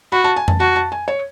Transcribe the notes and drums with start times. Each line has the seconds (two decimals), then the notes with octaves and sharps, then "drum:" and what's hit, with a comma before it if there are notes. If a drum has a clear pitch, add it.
0.12 F#4 B5
0.24 A5
0.36 G#5
0.48 A5, drum: tom F2
0.60 F#4 A5
0.76 A5
0.92 G#5
1.08 C#5